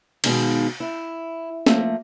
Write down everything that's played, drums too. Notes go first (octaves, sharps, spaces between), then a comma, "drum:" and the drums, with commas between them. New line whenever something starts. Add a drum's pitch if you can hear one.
B2 D#3 G#3 D#4 F5, drum: cymbal
E4
F3 A3 A#3, drum: snare